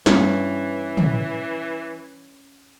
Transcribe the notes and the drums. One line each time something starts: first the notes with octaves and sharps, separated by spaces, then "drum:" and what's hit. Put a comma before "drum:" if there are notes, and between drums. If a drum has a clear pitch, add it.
G2 E3 C#4, drum: snare
drum: tom